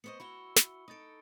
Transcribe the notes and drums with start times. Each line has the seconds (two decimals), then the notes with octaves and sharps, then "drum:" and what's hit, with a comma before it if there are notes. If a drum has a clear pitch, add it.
0.04 B3 C5 D#5 C#6 C#7
0.20 E4 F#4 E5 B5 G7
0.56 drum: snare
0.88 D#4 A4 D#6 A6 D7